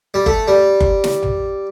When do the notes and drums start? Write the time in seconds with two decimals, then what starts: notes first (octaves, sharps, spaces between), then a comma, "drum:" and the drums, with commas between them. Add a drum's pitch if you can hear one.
0.14 G3
0.26 A3, drum: kick F#1
0.48 G3
0.81 drum: kick F#1
1.04 drum: snare
1.22 drum: tom B1